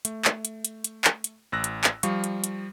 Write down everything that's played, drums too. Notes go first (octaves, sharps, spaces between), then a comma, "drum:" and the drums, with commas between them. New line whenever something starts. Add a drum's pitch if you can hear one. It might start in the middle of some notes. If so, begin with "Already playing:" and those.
A3, drum: hi-hat
drum: clap
drum: hi-hat
drum: hi-hat
drum: hi-hat
drum: clap
drum: hi-hat
A1 E6 F#6 A#6
drum: hi-hat
drum: clap
F3 G3 F5 C#6, drum: hi-hat
drum: hi-hat
drum: hi-hat